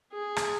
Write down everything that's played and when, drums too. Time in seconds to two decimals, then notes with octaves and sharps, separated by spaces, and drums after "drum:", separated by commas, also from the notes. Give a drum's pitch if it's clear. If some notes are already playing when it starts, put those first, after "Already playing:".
0.13 G#4
0.36 drum: rim click